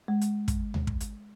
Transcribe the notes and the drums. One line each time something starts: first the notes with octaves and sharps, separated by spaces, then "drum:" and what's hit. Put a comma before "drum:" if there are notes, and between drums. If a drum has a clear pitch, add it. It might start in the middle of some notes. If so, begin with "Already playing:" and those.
G#3
drum: hi-hat
drum: kick, hi-hat
drum: tom D2
drum: kick
drum: hi-hat